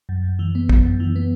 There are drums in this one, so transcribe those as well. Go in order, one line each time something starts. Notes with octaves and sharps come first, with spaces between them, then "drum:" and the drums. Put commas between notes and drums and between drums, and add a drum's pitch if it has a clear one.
F#2
F#2
E3
B3
F#2, drum: kick
F#2
E3
B3